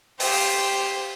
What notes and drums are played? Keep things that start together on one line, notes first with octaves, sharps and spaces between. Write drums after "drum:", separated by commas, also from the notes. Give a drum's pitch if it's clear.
G4 C5, drum: open hi-hat